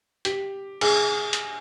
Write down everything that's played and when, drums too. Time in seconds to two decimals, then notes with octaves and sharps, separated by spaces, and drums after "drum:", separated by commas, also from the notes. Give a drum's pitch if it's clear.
0.25 G4, drum: hi-hat
0.81 G#4, drum: cymbal
1.33 drum: hi-hat